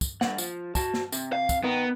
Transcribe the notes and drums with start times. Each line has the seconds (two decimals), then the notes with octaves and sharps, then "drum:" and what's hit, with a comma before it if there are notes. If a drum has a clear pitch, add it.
0.01 drum: kick, tambourine
0.21 G2 F#5, drum: snare
0.38 F3, drum: tambourine
0.75 F#4 A5, drum: kick, tambourine
0.94 drum: snare
1.12 C3, drum: tambourine
1.33 F5
1.49 drum: kick, tambourine
1.64 D#3 B3 A#4